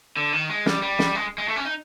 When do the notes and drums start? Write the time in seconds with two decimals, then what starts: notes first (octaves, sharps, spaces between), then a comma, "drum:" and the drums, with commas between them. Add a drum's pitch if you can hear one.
0.17 D3
0.33 D#3
0.50 G#3
0.66 G3, drum: snare
0.82 G3
0.99 drum: snare
1.15 G#3
1.38 G#3
1.48 A3
1.56 C#4
1.65 D#4